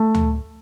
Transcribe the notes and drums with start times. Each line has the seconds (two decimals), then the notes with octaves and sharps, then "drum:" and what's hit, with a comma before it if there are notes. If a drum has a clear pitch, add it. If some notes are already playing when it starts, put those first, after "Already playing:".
Already playing: A3
0.14 drum: tom D2